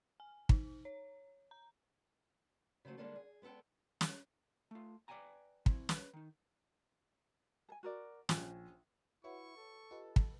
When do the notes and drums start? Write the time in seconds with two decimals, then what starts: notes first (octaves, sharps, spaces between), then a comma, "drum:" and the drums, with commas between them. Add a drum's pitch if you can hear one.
0.20 G#5
0.49 D#4, drum: kick
0.85 C#5
1.51 A#5
2.85 C#3 F3 F#3 A3 A#3
2.97 D3 G3 G#3 A#3 D4 A4
3.16 G#4
3.42 G#3 B3 D#4 A4 G5
4.01 drum: snare
4.71 A3 F4
5.08 B4 D5 E5 G5 G#5 A#5
5.66 C4 E4, drum: kick
5.89 B4, drum: snare
6.13 D#3 D#4
7.69 A4 G#5
7.83 F#4 A#4 D5
8.29 A#1 C#4 C5 G#5, drum: snare
9.24 E4 F#4 B4 C#5 E5 F#5 C#6
9.57 A4
9.91 F4 G4 B4 D#5
10.16 drum: kick